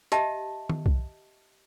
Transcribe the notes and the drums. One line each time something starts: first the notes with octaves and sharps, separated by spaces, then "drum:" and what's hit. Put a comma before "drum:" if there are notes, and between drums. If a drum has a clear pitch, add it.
G4 D#5 E5 A5, drum: hi-hat
drum: tom D#3
drum: kick B1